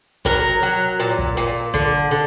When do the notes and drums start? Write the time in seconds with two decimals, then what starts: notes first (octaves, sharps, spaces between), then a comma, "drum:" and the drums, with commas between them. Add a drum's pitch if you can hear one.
0.25 F#3 A#4, drum: kick
0.63 F#3
1.00 A#2
1.19 drum: kick
1.37 A#2
1.74 D3, drum: kick
2.11 D3